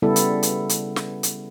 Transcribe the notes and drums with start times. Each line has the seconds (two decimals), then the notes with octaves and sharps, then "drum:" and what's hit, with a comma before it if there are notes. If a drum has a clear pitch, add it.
0.02 C#3 G3 B3 E4 A4
0.16 drum: hi-hat
0.43 drum: hi-hat
0.69 drum: hi-hat
0.96 drum: snare
1.23 drum: hi-hat